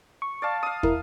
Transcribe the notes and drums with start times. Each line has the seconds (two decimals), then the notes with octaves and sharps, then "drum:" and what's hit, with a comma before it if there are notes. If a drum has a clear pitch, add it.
0.22 C#6
0.42 D5 F5 A5
0.63 F5 D#6
0.83 E4 A#4, drum: kick